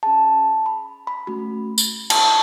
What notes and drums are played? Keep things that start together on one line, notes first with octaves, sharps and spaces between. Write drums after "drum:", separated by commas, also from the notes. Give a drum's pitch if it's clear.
C#4 G#4 A5
B5
B5
A3 C#4 F#4 B5
drum: tambourine
A5, drum: cymbal